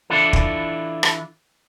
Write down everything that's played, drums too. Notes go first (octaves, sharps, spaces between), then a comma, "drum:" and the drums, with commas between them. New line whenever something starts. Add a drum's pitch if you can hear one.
E3 D4 E4 F4 A4
drum: kick
drum: rim click